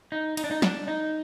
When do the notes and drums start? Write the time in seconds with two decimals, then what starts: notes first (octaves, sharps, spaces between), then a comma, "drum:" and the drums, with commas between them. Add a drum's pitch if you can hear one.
0.12 D#4
0.37 D#4, drum: cymbal
0.44 D4
0.51 D#4
0.62 D4, drum: snare
0.88 D#4